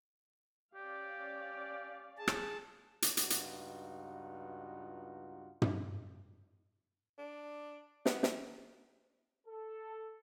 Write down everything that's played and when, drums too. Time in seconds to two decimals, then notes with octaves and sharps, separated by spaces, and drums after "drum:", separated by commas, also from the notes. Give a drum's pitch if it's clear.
0.75 C#4 G4 D5 F5
2.18 G#4 A5
2.28 drum: rim click
3.02 drum: hi-hat
3.17 C#2 G2 D#4 F4 F#4, drum: hi-hat
3.30 drum: hi-hat
5.62 drum: tom
7.18 D4
8.06 B3, drum: snare
8.23 drum: snare
9.47 A4